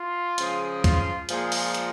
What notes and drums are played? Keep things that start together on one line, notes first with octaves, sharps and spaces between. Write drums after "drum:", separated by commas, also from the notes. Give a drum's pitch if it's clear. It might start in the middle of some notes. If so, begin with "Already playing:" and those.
Already playing: F4
C#3 F3 G#3, drum: hi-hat
F4, drum: kick, hi-hat
A#2 F3 G#3 G#4, drum: hi-hat
drum: open hi-hat
drum: hi-hat